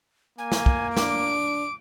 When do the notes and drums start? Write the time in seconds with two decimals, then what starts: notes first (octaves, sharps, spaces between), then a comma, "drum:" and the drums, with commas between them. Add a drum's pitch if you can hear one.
0.38 A#3 G#5
0.52 drum: snare
0.66 drum: kick
0.97 D4 D6 D7, drum: snare